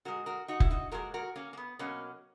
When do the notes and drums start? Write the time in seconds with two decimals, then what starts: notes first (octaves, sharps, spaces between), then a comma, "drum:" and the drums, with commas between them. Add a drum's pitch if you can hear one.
0.05 A#2 G#3 F#4 A#4
0.26 F#4 A#4
0.48 D#4 F#4
0.60 E4, drum: kick F1
0.71 D#4 F#4
0.92 A#2 G#3 F#4 A#4
1.14 F#4 A#4
1.36 A#3 C#4
1.53 A#3
1.57 B3
1.79 B2 F#3 A#3 C#4